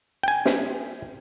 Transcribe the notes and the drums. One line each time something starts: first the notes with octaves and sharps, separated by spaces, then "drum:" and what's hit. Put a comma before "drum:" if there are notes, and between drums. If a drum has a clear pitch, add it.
G5 G#5
drum: snare